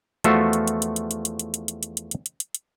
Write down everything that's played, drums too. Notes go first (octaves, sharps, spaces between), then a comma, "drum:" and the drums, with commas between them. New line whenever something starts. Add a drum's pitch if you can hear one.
E2 F3 A3 F4 F#4 E5, drum: hi-hat
drum: hi-hat
drum: hi-hat
drum: hi-hat
drum: hi-hat
drum: hi-hat
drum: hi-hat
drum: hi-hat
drum: hi-hat
drum: hi-hat
drum: hi-hat
drum: hi-hat
drum: hi-hat
drum: hi-hat
drum: hi-hat
drum: hi-hat